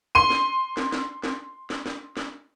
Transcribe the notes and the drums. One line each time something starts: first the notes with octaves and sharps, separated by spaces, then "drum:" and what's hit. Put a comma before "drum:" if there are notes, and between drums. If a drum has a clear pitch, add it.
C6 D#7
drum: snare
drum: snare
drum: snare
drum: snare
drum: snare
drum: snare
drum: snare